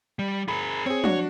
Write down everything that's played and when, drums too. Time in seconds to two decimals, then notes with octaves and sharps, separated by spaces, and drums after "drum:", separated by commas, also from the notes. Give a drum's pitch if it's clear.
0.19 G3
0.48 G#4 A#4 B5
0.86 C4 G#4 C#5
1.04 D4 F#4, drum: tom F3